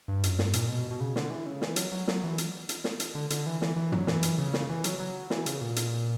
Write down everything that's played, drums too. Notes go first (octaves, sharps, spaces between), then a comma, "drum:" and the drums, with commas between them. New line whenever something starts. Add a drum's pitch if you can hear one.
G2
F#2, drum: hi-hat
G2, drum: snare
A#2, drum: hi-hat
B2
B2
C#3
D3, drum: snare
E3
C#3
E3, drum: snare
F#3, drum: hi-hat
F#3
F#3, drum: snare
E3
drum: hi-hat
drum: hi-hat
drum: snare
drum: hi-hat
D3
D3, drum: hi-hat
E3
E3, drum: snare
E3
F#3, drum: tom
E3, drum: snare
drum: hi-hat
C#3
drum: snare
E3
F#3, drum: hi-hat
F#3
E3, drum: snare
C#3, drum: hi-hat
A#2
drum: hi-hat